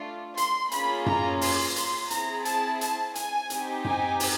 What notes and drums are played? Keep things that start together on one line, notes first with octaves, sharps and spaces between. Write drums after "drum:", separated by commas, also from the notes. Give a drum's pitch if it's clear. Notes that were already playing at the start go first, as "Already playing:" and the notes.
Already playing: A3 D4 F4
C6, drum: hi-hat
A#3 C#4 F4 G#4 B5, drum: hi-hat
A#5, drum: tom F#2
C6, drum: open hi-hat
C6, drum: hi-hat
C4 E4 G#4 A#5, drum: hi-hat
A5, drum: hi-hat
A5, drum: hi-hat
G#5, drum: hi-hat
C4 D#4 G4, drum: hi-hat
G#5, drum: tom F#2
drum: open hi-hat